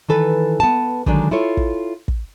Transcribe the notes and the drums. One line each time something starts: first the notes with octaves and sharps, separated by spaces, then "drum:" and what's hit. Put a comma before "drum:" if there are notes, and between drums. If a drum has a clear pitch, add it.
D#3 E3 A4 B4
B3 A5
D3 D#3 F#3 G#3 D4, drum: kick
E4 F4 A4 C#5
drum: kick
drum: kick